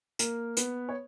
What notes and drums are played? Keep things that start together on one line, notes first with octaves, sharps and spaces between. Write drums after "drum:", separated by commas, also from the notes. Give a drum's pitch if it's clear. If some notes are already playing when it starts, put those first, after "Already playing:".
A#3 A#4, drum: hi-hat
B3 B4, drum: hi-hat
C#5